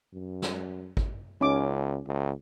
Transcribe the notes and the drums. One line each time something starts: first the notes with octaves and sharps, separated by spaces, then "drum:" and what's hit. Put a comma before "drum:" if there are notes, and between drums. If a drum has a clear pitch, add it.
F#2
drum: snare
drum: kick G#1
C#2 C#4 D#4 D6
C#2